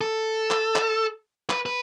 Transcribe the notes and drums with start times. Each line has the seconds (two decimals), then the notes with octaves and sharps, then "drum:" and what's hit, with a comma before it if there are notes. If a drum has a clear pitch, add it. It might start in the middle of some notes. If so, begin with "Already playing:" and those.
0.01 A4
0.51 drum: clap
0.75 drum: clap
1.50 B4, drum: clap
1.66 B4